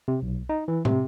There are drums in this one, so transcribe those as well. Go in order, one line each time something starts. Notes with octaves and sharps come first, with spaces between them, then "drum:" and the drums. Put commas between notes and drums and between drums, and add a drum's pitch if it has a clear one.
C3
B1
D#4
E3
C3, drum: tom